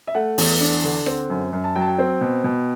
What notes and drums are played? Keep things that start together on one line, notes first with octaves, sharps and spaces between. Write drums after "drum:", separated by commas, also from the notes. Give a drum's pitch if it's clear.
E5
A3 F#5
E2, drum: open hi-hat
D4
D3
C4, drum: rim click
F#2
F#2
A5
F#3 G5
A5
G5
C4
B2
B2